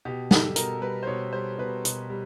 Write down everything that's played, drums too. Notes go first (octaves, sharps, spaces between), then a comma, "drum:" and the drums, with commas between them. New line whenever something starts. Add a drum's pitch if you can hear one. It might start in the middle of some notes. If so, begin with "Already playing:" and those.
B2 G4
G3 A4, drum: snare
B2 A#4, drum: hi-hat
G3 B4
C5
B2 C#5
G3 C5
B2 B4
B2, drum: hi-hat
G3